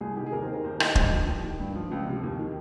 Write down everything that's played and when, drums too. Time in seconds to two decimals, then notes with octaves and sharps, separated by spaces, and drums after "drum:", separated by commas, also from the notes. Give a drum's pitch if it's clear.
0.01 C2 G#4
0.16 C3 D#3 G4
0.26 G#4
0.32 D#2 A#4
0.42 C5
0.48 D#3
0.53 A#4
0.64 D#2 C5
0.80 D#3 D#5, drum: rim click
0.95 G2, drum: kick
1.12 F3
1.27 D#2 G5
1.43 D#3
1.59 G2
1.75 F3
1.91 C#2
2.07 C3 F3
2.23 D#2
2.39 D#3